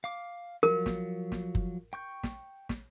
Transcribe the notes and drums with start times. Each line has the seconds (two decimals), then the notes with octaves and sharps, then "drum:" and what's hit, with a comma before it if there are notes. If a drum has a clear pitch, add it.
0.04 F5 D6
0.63 F3 F#3 A#4
0.86 drum: snare
1.32 drum: snare
1.55 drum: kick F#1
1.93 G5 C#6 G6
2.23 drum: snare
2.69 drum: snare